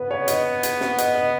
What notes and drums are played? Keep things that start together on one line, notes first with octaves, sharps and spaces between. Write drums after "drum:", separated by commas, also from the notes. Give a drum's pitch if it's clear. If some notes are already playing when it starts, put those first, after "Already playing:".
Already playing: B3 B4
C#5
D#5, drum: hi-hat
drum: hi-hat
drum: snare
D#5, drum: hi-hat
D#5